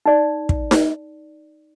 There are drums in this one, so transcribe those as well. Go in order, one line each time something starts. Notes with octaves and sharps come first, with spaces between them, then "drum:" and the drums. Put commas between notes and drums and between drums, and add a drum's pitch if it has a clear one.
D#4 D5
drum: kick
drum: snare D#4